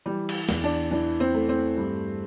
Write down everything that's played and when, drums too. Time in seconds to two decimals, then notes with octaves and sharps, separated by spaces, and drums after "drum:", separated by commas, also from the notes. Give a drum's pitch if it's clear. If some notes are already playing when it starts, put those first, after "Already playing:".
0.06 E3 G3
0.29 drum: cymbal
0.49 E2, drum: snare
0.64 D4
0.91 E3 D4
1.20 C4
1.34 A3
1.49 C4
1.77 G2